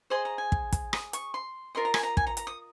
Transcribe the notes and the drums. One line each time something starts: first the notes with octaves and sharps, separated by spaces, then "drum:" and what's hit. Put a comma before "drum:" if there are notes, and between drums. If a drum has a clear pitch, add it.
G#4 C5 D#5 C6
A#5
G#5
drum: kick
drum: kick, hi-hat
D#6, drum: rim click
C#6, drum: hi-hat
C6
F4 A#4 D#5 C6
A#5
G#5, drum: rim click
A#5
G#5, drum: kick
A#5
A#5, drum: hi-hat
D#6